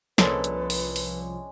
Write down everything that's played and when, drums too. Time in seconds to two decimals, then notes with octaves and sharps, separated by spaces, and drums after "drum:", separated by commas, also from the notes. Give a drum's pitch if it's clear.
0.18 C2 A#2 F3 G#3 C#4 D4 A4 B4, drum: snare
0.44 drum: hi-hat
0.70 drum: open hi-hat
0.96 drum: open hi-hat